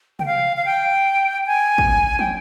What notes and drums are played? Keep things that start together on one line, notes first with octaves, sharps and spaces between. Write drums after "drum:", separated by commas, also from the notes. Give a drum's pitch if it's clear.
G5, drum: tom C3
F5
F5
G5
G#5
drum: kick
G5, drum: tom